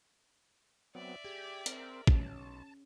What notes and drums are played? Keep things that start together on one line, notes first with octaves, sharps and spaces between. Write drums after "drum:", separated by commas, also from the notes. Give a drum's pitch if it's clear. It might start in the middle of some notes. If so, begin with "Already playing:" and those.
F#3 B3 C4 D5 E5
G4 G#4 G#6
C4 A#4, drum: hi-hat
B1 C#4 A5, drum: kick